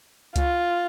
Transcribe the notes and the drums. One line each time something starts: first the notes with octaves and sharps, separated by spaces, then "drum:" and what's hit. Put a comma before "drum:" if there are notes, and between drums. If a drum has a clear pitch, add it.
F4, drum: kick C#2, hi-hat